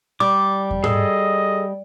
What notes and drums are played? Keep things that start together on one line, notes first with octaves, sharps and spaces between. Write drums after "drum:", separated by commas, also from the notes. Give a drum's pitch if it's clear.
G3 D6
drum: kick E2
G#4 A4 D#5, drum: tom G#2